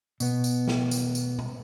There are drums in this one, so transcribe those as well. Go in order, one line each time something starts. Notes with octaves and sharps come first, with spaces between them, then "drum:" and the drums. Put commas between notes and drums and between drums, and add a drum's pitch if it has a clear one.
B2 B3, drum: tambourine
drum: tambourine
drum: snare
drum: tambourine
drum: tambourine
drum: tom B2